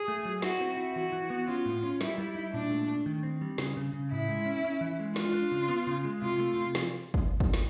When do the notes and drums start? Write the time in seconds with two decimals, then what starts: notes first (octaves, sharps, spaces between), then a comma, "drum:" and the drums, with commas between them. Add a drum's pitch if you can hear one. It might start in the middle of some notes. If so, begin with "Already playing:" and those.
Already playing: G#4
0.08 A3
0.25 F#3
0.42 E4 F#4, drum: snare
0.61 C4
0.77 E4
0.96 E3 F#4
1.12 E3
1.30 B3
1.48 C#4 F4
1.65 A2
1.83 C#4
2.01 G3 E4, drum: snare
2.18 G3
2.35 D#4
2.53 A#2 D4
2.71 A3
2.88 A3
3.06 D#3
3.23 C4
3.41 G3
3.58 C#3, drum: snare
3.77 C#3
3.93 C#3
4.12 A2 E4
4.28 G#3
4.46 C#4
4.64 C#4
4.81 E3
5.00 G#3
5.16 D4 F4, drum: snare
5.34 D4
5.52 C#3
5.69 B3
5.87 C#3
6.05 G#3
6.22 C3 F4
6.40 A3
6.57 C3
6.75 F3, drum: snare
7.14 drum: kick
7.40 drum: kick
7.54 drum: snare